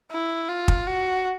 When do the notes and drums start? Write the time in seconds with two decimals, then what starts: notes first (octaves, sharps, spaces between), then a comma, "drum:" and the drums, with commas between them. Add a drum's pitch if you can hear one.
0.11 E4
0.48 F4
0.68 drum: kick
0.87 F#4